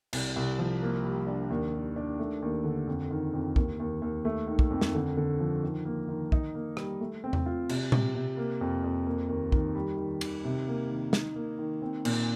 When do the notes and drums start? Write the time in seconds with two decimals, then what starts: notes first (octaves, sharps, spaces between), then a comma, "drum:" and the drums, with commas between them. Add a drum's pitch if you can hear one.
0.13 C2, drum: cymbal
0.36 C2
0.59 F3
0.82 A#3
1.04 G3
1.27 D4
1.50 D#2
1.73 D#3
1.96 D4
2.19 A3
2.42 D#2
2.64 D3
2.87 F2
3.11 D#3
3.33 F2
3.56 D#2, drum: kick
3.80 D#2
4.02 D#2
4.25 A3
4.48 D#3
4.59 drum: kick
4.71 F2
4.81 drum: snare
4.95 D3
5.17 D3
5.40 F3
5.63 D#3
5.85 A#3
6.09 D#3
6.32 D#4, drum: kick
6.55 A#3
6.77 G3, drum: rim click
7.01 A3
7.24 C4
7.33 drum: tom E2
7.46 F4
7.69 C3, drum: cymbal
7.92 C3, drum: tom A#2
8.15 C3
8.37 A#3
8.61 F2
8.84 F2
9.07 A#3
9.29 D#2
9.52 D#3, drum: kick
9.75 G3
9.98 D#3
10.21 D#3, drum: cymbal
10.44 C3
10.68 A#3
10.89 D#3
11.13 D#4, drum: snare
11.36 A#3
11.59 D#3
11.82 C4
12.05 A#2, drum: cymbal